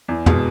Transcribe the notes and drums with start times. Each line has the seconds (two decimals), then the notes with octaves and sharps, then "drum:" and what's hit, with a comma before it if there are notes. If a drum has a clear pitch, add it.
0.08 E2
0.26 B2 G#3, drum: tom